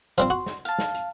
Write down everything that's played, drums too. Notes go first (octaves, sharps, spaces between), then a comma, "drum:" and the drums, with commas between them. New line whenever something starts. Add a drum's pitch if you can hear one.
F3 G3 C4 C6
F#4
drum: snare
F5 A5, drum: hi-hat
drum: snare
drum: hi-hat